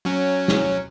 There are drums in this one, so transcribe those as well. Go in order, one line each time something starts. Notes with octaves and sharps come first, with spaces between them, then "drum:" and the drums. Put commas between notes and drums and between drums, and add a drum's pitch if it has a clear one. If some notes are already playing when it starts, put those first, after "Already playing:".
F#3 C#4
drum: snare